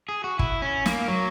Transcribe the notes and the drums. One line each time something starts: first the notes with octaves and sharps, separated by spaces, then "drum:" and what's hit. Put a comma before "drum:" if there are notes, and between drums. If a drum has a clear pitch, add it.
G#4
F#4
E4, drum: kick
C#4
A#3, drum: snare
F#3